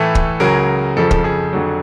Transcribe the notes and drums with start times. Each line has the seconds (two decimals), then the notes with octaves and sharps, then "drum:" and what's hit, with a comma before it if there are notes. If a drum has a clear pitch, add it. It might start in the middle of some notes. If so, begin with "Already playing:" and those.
Already playing: A2 E3 A3 A4
0.15 drum: kick
0.40 C#2 C#3 F#3 G#4 A#4
0.97 F2 C#3 F3 A4
1.11 A4, drum: kick
1.24 G#4
1.53 F2 D3 F#3